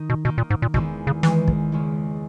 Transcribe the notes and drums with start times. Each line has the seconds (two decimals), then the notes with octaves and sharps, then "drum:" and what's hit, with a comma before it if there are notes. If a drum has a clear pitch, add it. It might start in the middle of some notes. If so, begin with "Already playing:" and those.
Already playing: D#3 D#4
0.10 B2
0.25 B2 D#3 A#3 D#4
0.38 A#2
0.50 G#2
0.62 A#2
0.74 E2 B2 D#3 G#3, drum: kick
1.07 C#3
1.23 E2 D#3 E3 G#3, drum: snare
1.48 drum: kick
1.72 C#2 C#3 G#3